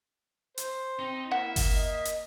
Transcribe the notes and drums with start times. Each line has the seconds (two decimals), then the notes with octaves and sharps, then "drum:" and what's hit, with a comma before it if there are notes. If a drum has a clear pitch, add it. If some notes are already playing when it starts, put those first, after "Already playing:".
0.58 C5, drum: hi-hat
0.99 C4 D#4
1.32 A#3 E4 E5 F#5
1.56 drum: kick G1, open hi-hat
1.75 D#5
2.05 drum: hi-hat